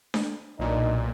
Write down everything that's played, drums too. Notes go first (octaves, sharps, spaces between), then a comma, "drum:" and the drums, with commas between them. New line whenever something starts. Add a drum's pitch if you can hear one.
drum: snare D4
B1 A#2 D4 D#4